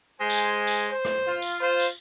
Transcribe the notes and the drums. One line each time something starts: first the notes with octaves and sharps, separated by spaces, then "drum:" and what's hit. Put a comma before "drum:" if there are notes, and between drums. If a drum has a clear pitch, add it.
G#3 C5 G#5
drum: tambourine
drum: tambourine
C5
drum: rim click
F4
drum: tambourine
C5
drum: tambourine